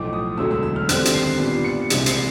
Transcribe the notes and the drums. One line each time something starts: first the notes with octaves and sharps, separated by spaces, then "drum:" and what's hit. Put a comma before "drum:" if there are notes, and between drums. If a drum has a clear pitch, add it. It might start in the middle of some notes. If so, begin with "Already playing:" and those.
Already playing: B1 A2 F3 D6
D#6
E1 D2 D3 F#3 E6
E6
E6
F6
D#2 D3 G3 C4 F#6, drum: hi-hat
drum: hi-hat
C7
A#2 G3 B3 D4 C7
C#7
C2 C3 E3 G#3 C#7, drum: hi-hat
C7, drum: hi-hat